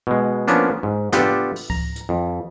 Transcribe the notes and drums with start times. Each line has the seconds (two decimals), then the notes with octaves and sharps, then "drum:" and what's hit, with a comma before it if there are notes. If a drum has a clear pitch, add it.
0.07 B2 G#3
0.48 F3 A#3 B3 C#4 D4, drum: hi-hat
0.83 G#2
1.12 B3 D4 F4 G4 A4, drum: snare
1.56 drum: open hi-hat
1.70 A#5, drum: kick C#2
1.96 drum: hi-hat
2.09 F2